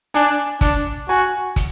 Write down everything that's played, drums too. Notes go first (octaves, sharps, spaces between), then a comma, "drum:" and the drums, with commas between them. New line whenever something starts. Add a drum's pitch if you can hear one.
D4 G#5, drum: hi-hat
D4, drum: kick, hi-hat
F#4 G#5
drum: kick, hi-hat